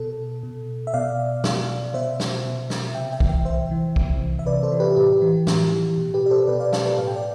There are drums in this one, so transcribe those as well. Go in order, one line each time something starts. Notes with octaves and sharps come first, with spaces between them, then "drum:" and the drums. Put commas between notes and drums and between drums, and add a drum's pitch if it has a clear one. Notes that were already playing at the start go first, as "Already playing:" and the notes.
Already playing: B2 A4
B2
E5
B2 D5 F5
B2, drum: snare
B2 C5 E5
drum: snare
B2
drum: snare
C3 E5 G5
E5 G5
E3, drum: kick
E5 G5
C3 C5 E5
E3
C3, drum: kick
E3
E5
C3 B4 D5
A4 C5
E3
G4 B4
A2 G4
E3
A2, drum: snare
E3
B2
G4 B4
D5
A4 C5
B2 B4 D5
D5 F5
F5 A5, drum: snare
B4 D5
A2 F5
G5
D5 F5